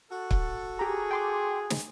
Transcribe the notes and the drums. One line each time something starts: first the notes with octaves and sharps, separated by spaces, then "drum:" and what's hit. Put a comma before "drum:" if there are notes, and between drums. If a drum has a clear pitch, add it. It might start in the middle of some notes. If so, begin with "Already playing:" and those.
F#4 A4
drum: kick C#1
G4 G#4 A#5
G5 C6 D6
drum: snare